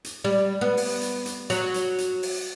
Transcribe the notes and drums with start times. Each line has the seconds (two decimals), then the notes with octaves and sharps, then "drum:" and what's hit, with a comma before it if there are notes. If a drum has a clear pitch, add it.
0.04 drum: hi-hat
0.24 G3
0.61 B3
0.77 drum: open hi-hat
1.01 drum: hi-hat
1.26 drum: hi-hat
1.50 F#3, drum: hi-hat
1.74 drum: hi-hat
1.98 drum: hi-hat
2.23 drum: open hi-hat